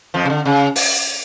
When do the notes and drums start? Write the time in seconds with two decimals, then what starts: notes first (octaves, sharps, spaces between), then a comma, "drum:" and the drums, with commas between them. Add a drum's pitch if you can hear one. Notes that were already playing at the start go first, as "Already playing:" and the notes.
0.14 F2 F3
0.25 C#3
0.30 D3
0.46 C#3
0.76 drum: open hi-hat